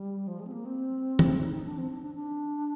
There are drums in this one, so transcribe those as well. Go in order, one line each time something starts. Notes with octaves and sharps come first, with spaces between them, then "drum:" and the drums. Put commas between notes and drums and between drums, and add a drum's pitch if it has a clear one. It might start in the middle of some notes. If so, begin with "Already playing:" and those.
Already playing: G3
F3
G#3
C4
A#3
C4
drum: tom
D#4
D#4
D4
C4
D4
D4
D4